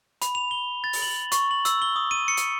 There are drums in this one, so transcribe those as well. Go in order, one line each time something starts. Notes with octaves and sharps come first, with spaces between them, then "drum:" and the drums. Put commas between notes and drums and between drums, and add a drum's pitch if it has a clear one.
B5, drum: hi-hat
F7
G7
A6
drum: open hi-hat
F#7
C#6, drum: hi-hat
F#7
E6, drum: hi-hat
G7
D#6
D#7
C#7
drum: hi-hat